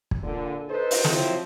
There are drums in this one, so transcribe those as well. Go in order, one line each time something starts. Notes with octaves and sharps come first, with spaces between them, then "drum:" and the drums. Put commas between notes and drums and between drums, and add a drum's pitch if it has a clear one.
drum: kick
A#2 D3
D#4 A4 B4 C5 D#5
drum: open hi-hat
C3 F3 F#3 C4 E4, drum: snare